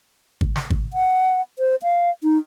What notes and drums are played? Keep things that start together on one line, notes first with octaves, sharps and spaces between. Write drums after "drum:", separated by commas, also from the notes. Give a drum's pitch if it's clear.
drum: kick
drum: snare
drum: kick
F#5
C5
F5
D#4